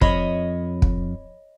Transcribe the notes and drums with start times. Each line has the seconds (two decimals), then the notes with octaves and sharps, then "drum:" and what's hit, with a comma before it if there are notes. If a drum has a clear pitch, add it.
0.01 F2 C#5 D#5 B5, drum: kick
0.82 drum: kick